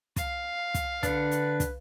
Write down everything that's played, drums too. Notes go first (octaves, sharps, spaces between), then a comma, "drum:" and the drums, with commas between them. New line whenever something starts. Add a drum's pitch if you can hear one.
F5, drum: kick, hi-hat
drum: kick, hi-hat
D3 D4 B4, drum: kick, hi-hat
drum: hi-hat
drum: kick, hi-hat